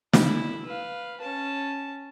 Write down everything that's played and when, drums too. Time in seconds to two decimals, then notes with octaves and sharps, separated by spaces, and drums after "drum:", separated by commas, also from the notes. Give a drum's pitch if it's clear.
0.13 E4, drum: snare
0.66 B4 F5
1.20 C#4 A5